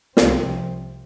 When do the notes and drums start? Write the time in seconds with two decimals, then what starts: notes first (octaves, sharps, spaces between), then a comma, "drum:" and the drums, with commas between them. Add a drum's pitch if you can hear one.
0.17 C2 C3 F3 C4, drum: snare